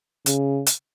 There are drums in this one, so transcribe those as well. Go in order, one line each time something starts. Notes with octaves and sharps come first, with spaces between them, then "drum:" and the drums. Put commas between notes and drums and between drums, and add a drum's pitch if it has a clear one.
C#3, drum: hi-hat
drum: hi-hat